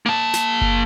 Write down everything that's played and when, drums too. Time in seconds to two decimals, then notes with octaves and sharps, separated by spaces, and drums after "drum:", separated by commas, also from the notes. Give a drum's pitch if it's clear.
0.06 A#3 A5
0.34 drum: snare
0.61 drum: kick F#1